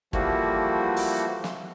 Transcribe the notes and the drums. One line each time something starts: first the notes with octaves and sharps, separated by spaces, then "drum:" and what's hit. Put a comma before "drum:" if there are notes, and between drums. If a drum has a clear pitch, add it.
E3 F3 G3 A3 A#3 F#4, drum: kick
drum: open hi-hat
drum: snare